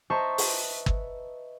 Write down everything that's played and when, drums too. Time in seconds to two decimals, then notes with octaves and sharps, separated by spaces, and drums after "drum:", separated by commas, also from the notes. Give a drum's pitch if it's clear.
0.10 C5 D#5 E5 A5 A#5 C#6
0.38 B4, drum: open hi-hat
0.86 drum: kick